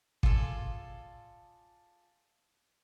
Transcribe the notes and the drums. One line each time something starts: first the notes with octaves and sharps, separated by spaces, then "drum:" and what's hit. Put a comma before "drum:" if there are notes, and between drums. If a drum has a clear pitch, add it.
F4 G#4 A4 D5, drum: kick